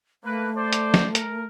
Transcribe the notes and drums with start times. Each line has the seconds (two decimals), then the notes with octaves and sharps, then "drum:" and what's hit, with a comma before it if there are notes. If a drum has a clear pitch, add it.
0.24 A3 A#3 B4
0.55 C5 D5
0.73 drum: hi-hat
0.94 drum: snare
1.15 A#4, drum: hi-hat